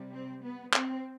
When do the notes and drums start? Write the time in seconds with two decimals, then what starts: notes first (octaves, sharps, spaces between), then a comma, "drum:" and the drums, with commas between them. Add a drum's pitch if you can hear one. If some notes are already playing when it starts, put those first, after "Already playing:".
Already playing: C3 G3
0.13 C4
0.43 B3
0.73 C4, drum: clap